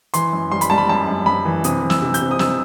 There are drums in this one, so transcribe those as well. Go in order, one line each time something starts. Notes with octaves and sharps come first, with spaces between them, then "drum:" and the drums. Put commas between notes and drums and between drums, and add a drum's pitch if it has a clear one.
E3 C6, drum: hi-hat
F#2
G3 C6
B5, drum: hi-hat
G3 A5
B5
F#2 A5
F#2
F#2 B5
E3
C3 D#6, drum: hi-hat
E3
E6, drum: snare
C3
G6, drum: hi-hat
C3
D#6
C3 E6, drum: snare